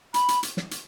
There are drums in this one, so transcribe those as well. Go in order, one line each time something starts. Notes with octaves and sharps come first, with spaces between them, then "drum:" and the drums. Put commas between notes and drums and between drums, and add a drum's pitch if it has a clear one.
B5, drum: hi-hat
drum: hi-hat
drum: hi-hat
drum: snare
drum: hi-hat